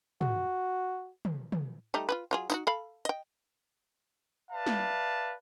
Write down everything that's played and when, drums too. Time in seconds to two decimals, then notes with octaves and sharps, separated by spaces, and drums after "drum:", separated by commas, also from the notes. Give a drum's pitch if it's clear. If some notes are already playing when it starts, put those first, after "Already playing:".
0.21 F#4, drum: tom
1.25 drum: tom
1.52 drum: tom
1.94 G3 A3 D#4
2.09 F4 G#4 B4
2.31 F#3 F4 G#4
2.50 D#4 E4 F#4, drum: tambourine
2.67 A4 F5 B5
3.05 D#5 G5, drum: hi-hat
4.51 B4 D5 E5 F5 A5
4.66 drum: snare